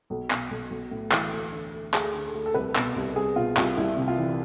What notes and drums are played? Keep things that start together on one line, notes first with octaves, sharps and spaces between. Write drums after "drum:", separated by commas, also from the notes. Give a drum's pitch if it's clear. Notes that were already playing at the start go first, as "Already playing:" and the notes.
B1
B2, drum: clap
B1
B1
A2
E3, drum: clap
D2
D3
D2
D2 G#4, drum: clap
D3
A4
D2
A4
C2 B4
B2, drum: clap
C2
C2 G#4
B2 F4
C2 F4, drum: clap
C2 E4
C3
F4
E3